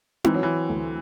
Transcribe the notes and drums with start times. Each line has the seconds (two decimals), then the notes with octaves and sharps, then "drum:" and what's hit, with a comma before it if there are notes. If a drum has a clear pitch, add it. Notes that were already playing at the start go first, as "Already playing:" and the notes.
0.24 E3 C4, drum: tom D#4
0.34 F#3
0.43 E3
0.69 D2